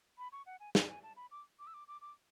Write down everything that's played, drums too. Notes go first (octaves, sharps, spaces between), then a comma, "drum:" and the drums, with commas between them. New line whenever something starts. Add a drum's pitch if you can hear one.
B5
C#6
F#5
G#5
G#5, drum: snare
G#5
A5
B5
D6
D6
E6
D6
D6
D6